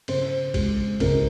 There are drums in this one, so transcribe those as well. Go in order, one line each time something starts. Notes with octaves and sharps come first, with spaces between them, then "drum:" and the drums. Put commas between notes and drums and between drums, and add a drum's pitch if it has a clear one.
C#3 C5, drum: cymbal
G#3, drum: kick, cymbal
C#2 A#4, drum: kick, cymbal